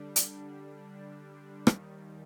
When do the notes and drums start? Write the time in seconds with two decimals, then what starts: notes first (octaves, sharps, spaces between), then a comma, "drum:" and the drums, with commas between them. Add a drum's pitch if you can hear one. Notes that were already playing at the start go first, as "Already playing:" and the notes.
Already playing: D3 G3 D4
0.16 drum: hi-hat
1.67 D#2 D#3 G3, drum: rim click